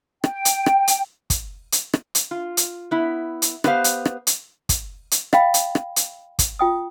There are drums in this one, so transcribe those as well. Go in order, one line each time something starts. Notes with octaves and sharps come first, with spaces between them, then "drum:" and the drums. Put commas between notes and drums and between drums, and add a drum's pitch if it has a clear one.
G5, drum: rim click
drum: hi-hat
drum: rim click
drum: hi-hat
drum: kick, hi-hat
drum: hi-hat
drum: rim click
drum: hi-hat
F4
drum: hi-hat
B3 E4
drum: hi-hat
B3 D4 G4 B4 C5 F5, drum: rim click
drum: hi-hat
drum: rim click
drum: hi-hat
drum: kick, hi-hat
drum: hi-hat
D#5 F5 G5 B5, drum: rim click
drum: hi-hat
drum: rim click
drum: hi-hat
drum: kick, hi-hat
F4 G5 D#6